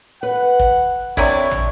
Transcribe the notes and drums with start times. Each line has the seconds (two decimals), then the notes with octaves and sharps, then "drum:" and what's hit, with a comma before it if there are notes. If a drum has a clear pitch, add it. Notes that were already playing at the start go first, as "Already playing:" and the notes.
0.23 B4 F#5
0.60 drum: kick
1.17 C3 D4 E4 C#5 D5, drum: kick
1.51 drum: tom